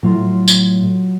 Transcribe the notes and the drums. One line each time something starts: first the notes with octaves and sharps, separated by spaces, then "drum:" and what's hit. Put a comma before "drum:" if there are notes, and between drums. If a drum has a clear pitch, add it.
A2 F#3 F4
drum: tambourine